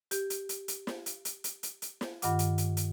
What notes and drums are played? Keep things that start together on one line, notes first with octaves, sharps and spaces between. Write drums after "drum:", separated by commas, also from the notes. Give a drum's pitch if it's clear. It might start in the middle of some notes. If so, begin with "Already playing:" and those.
G4, drum: hi-hat
drum: hi-hat
drum: hi-hat
drum: hi-hat
drum: snare
drum: hi-hat
drum: hi-hat
drum: hi-hat
drum: hi-hat
drum: hi-hat
drum: snare
G2 D#3 F4 F#5 D6, drum: hi-hat
drum: hi-hat
drum: hi-hat
drum: hi-hat